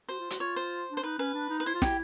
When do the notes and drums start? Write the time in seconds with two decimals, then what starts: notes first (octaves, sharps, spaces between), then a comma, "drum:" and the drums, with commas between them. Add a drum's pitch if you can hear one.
0.09 F#4 C5
0.20 F4
0.30 F#4, drum: hi-hat
0.40 F4 C#5
0.56 C5
0.92 D4
0.97 C5
1.03 D#4 B4
1.18 C#4 B4
1.34 D4
1.50 D#4
1.60 B4
1.66 E4 C5
1.74 F4
1.82 E4 G4, drum: snare